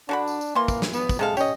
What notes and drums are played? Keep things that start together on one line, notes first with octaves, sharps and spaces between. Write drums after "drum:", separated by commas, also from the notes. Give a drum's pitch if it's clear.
D3 D4 F#4 B5
drum: tambourine
drum: tambourine
E3 A#3 C6
drum: kick, tambourine
drum: snare
B3, drum: tambourine
drum: kick, tambourine
C3 G#3 A4 F5
C#4 G4 D#5, drum: tambourine